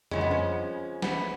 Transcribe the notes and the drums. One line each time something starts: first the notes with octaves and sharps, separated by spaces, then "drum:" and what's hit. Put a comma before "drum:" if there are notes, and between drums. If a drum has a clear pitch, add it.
F2 F3 G#3 C#4, drum: tom F2
B3
C#4
B3, drum: snare